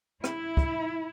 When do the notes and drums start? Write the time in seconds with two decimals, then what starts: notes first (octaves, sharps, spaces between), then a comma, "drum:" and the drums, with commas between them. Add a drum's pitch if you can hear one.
0.24 E4, drum: rim click
0.57 drum: kick